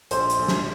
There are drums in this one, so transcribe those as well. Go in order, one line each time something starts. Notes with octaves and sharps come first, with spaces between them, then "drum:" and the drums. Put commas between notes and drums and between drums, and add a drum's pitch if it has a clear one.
A#1 C5 C6, drum: hi-hat
drum: hi-hat
A#1
drum: snare